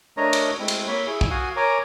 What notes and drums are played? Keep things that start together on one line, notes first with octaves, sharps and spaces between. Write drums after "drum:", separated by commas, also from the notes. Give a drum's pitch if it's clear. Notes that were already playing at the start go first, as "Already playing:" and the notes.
A3 D4 A#4 C#5 D#5 A#5
drum: cymbal
G#3 A3 C4 E4
drum: cymbal
A#3 C#5 B5
E4 G#4
drum: kick
F#4 F5 F#5 G#5 D#6
A#4 C#5 G#5 A#5 D6